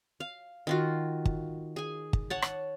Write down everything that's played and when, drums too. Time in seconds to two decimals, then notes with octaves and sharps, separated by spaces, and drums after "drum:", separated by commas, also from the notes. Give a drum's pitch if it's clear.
0.20 F5
0.67 D#3 F4 F#4
1.25 drum: kick
1.76 G#4 G#5
2.13 drum: kick
2.30 C#5 F#5 A5
2.42 drum: rim click